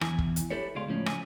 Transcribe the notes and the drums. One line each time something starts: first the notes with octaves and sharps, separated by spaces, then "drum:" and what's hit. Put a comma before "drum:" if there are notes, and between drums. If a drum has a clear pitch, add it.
E2 E4 G#5, drum: rim click
drum: kick
drum: hi-hat
E4 G4 A4 B4 C#5
C#2 B2 G#4 D5 F5 C6
C#2 A2 F3 C#4
G#5, drum: rim click